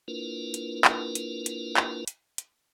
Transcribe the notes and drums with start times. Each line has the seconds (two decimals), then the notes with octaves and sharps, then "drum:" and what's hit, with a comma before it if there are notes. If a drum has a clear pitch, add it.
0.08 A#3 D4 E4 F4 A#4 B4
0.54 drum: hi-hat
0.85 drum: clap
1.15 drum: hi-hat
1.46 drum: hi-hat
1.77 drum: clap
2.08 drum: hi-hat
2.38 drum: hi-hat